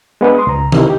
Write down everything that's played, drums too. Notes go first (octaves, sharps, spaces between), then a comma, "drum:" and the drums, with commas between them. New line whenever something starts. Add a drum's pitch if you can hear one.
G#3 B3 D4 B4
C6 D#6
C#2 A#5
C3 D#3 E3 E4, drum: tom E3
D#4 G4